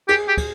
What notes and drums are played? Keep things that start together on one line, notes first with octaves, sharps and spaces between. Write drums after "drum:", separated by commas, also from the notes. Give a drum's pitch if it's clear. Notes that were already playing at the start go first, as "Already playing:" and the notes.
G4 G#4, drum: cymbal
G4
drum: kick, cymbal